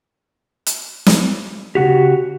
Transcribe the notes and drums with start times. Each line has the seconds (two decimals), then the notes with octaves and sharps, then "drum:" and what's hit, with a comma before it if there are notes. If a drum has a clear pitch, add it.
0.67 drum: hi-hat
1.06 drum: snare
1.75 C#3 F3 F#4 G4